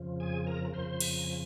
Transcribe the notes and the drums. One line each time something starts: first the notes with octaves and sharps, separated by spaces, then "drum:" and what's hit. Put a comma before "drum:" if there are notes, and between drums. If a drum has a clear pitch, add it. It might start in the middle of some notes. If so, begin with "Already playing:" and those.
Already playing: F2 C#3 F3
G#4 G#5
A#4 A#5
F2 C#3 F3 C5 C6
drum: cymbal
A#5
G#5